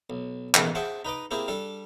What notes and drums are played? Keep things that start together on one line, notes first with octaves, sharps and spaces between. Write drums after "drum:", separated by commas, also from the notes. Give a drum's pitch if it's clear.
B1
A1 B2 D#3 E3 G#3, drum: clap
G#4 C5 E5 F#5 G5 A5
D#4 B4 D#5 D6
A#3 C4 E4 G4 G#4
G3 D4 A4